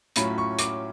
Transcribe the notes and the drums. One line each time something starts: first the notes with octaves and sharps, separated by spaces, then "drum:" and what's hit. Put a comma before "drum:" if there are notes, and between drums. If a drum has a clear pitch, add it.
A2 F#3 C#4 F4 B5, drum: hi-hat
C#6
D6, drum: hi-hat